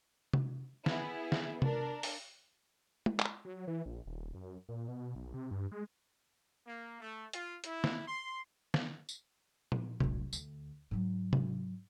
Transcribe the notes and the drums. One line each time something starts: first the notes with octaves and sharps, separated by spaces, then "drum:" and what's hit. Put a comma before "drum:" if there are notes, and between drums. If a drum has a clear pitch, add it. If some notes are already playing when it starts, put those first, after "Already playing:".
drum: tom C3
B3 E4 G#4, drum: snare
drum: snare
D4 A#4, drum: tom C3
drum: open hi-hat
drum: tom G#3
drum: clap
F#3
E3
A#1
D#1
F#2
A#2
B2
B1
C3
G2
G#3
A#3
A3
F4, drum: hi-hat
E4, drum: hi-hat
drum: snare
C6
drum: snare
drum: tambourine
drum: tom
D1 A#1, drum: tom C3
D2, drum: tambourine
G#2 F#3
drum: tom C3